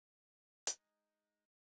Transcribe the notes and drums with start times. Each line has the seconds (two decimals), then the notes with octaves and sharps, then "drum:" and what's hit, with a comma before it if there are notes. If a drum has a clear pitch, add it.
0.67 G#3 D#4, drum: hi-hat